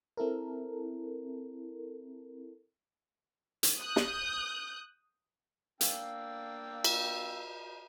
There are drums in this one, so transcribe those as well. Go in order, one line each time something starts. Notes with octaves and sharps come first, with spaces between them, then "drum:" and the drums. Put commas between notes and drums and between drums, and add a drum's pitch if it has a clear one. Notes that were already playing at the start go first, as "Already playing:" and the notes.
C4 E4 A4 A#4
drum: hi-hat
D#6 F#6 G6
drum: snare
A#3 D4 F5 G5 E6, drum: hi-hat
drum: cymbal